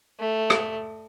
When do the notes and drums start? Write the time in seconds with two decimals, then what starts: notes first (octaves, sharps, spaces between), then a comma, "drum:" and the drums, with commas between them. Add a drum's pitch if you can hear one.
0.19 A3
0.50 drum: rim click